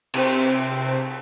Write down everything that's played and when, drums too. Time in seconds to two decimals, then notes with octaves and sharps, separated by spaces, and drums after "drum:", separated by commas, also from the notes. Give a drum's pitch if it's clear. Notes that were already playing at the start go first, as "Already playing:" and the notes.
0.14 C3 C4, drum: cymbal